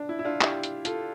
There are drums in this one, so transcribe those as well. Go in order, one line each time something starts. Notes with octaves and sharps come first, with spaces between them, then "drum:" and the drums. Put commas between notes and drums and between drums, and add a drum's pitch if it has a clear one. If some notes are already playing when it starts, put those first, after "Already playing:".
Already playing: D4
E4
E4
D4 F4
E4 G4, drum: clap
drum: hi-hat
F4 A4, drum: hi-hat